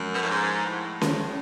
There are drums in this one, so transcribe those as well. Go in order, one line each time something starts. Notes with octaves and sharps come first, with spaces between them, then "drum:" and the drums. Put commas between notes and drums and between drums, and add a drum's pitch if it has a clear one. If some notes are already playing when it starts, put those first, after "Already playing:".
Already playing: F#2 F3 G#3
B2
A2
G#2
A2
drum: snare C#4